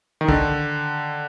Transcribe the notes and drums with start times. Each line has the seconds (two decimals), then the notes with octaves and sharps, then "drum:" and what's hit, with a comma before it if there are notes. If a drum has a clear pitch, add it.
0.21 D#3
0.28 D3, drum: kick B1